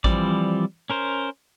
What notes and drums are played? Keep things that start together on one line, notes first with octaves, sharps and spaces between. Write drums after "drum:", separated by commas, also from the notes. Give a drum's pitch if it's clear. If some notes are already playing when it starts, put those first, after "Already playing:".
E3 F3 G3 C4 D5, drum: kick A1
C#4 A#4 C5